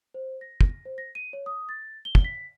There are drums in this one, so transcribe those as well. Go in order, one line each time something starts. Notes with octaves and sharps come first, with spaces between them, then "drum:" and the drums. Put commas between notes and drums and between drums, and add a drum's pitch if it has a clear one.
C5
A#6
drum: kick
C5
A#6
D#7
C#5
D#6
A6
G7
drum: kick
B6